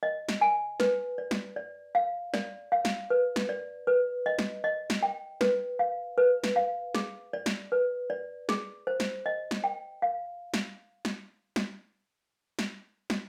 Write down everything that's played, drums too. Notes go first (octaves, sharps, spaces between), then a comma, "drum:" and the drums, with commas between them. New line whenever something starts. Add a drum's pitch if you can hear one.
D#5
drum: snare
G#5
B4, drum: snare
D5
drum: snare
D5
F5
D5, drum: snare
F5
drum: snare
B4
drum: snare
D5
B4
D#5
drum: snare
D#5
drum: snare
G5
B4, drum: snare
F5
B4
drum: snare
F5
G#4, drum: snare
D5
drum: snare
B4
D5
G#4, drum: snare
C5
drum: snare
D#5
drum: snare
G5
F5
drum: snare
drum: snare
drum: snare
drum: snare
drum: snare